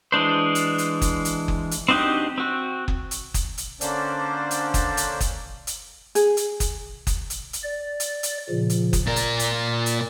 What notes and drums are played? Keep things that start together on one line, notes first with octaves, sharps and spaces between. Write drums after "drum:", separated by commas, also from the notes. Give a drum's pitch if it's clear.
E3 G#3 D4 C5
drum: hi-hat
drum: hi-hat
drum: kick F#1, hi-hat
drum: hi-hat
drum: kick F#1
drum: hi-hat
C4 D4 D#4 F#4 G4
C4 F#4
drum: kick F#1
drum: hi-hat
drum: kick F#1, hi-hat
drum: hi-hat
D3 A#3 C#4 D4 C5 D5, drum: hi-hat
drum: hi-hat
drum: kick F#1, hi-hat
drum: hi-hat
drum: kick F#1, hi-hat
drum: hi-hat
G#4, drum: hi-hat
drum: hi-hat
drum: kick F#1, hi-hat
drum: kick F#1, hi-hat
drum: hi-hat
drum: hi-hat
D5
drum: hi-hat
drum: hi-hat
A#2 C#3 F3
drum: hi-hat
drum: kick F#1, hi-hat
A#2 A#4 D5
drum: hi-hat
drum: hi-hat
drum: hi-hat